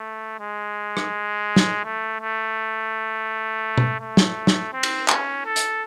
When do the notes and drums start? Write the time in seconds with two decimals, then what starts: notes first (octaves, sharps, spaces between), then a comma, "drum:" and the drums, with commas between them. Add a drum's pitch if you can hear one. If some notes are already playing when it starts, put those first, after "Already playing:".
Already playing: A3
0.40 G#3
0.97 drum: rim click
1.56 drum: snare
1.84 A3
2.20 A3
3.77 drum: tom B2
4.00 A3
4.17 drum: snare
4.47 drum: snare
4.73 C4
4.83 drum: cymbal
5.08 C#4, drum: clap
5.45 A4
5.56 drum: hi-hat